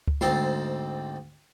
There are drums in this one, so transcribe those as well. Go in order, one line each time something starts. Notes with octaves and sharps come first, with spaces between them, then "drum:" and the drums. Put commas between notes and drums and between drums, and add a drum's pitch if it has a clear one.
drum: kick C#2
D2 G#2 C4 A5 C6, drum: snare